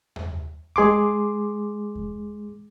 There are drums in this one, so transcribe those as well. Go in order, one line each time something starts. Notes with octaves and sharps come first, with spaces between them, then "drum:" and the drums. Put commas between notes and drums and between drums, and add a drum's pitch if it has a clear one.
drum: tom E2
G#3 G#4 C6 D6, drum: kick E2
drum: kick E2